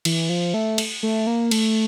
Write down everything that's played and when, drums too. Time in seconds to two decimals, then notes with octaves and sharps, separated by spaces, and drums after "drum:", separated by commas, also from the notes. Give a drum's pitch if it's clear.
0.05 E3, drum: cymbal
0.29 F3
0.54 A3
0.78 drum: cymbal
1.03 A3
1.27 A#3
1.51 A3, drum: cymbal